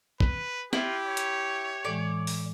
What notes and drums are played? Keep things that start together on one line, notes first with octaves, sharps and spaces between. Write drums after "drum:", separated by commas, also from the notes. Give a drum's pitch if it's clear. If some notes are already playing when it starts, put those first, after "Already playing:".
B4, drum: kick
E4 F4 G4, drum: snare
C#5
drum: hi-hat
A2 E3 G#3 D5
drum: open hi-hat